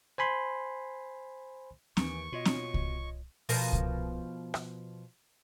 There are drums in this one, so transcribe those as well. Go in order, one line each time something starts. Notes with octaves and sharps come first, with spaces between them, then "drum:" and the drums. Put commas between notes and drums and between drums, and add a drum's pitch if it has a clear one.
C5 G#5 B5 C6
D#2 E3 C#6 D7, drum: snare C4
B2 F4 C#5 D#5
drum: snare C4
drum: kick C2
B2 F3 A#4, drum: open hi-hat
drum: kick C2
drum: rim click